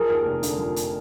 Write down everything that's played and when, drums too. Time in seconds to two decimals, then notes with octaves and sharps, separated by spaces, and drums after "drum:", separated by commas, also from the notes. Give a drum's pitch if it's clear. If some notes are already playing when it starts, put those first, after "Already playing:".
Already playing: F3 G#4 A#4
0.09 D#2
0.25 F1
0.43 D3, drum: hi-hat
0.59 F3
0.76 drum: hi-hat